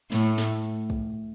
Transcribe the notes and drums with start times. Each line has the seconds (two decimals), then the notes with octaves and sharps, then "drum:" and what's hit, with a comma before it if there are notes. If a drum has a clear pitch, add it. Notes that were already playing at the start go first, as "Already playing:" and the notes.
0.12 A2 A3, drum: snare
0.38 drum: snare
0.90 drum: kick